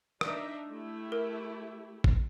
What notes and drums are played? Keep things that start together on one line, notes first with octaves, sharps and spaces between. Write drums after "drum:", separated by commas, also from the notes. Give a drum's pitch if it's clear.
D4 D#4 E5, drum: rim click
A3 E4 G4
A#4
drum: kick G1